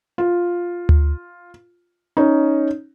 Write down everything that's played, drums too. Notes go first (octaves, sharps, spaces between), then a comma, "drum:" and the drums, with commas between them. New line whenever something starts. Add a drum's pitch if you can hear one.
F4
drum: tom D2
C#4 D#4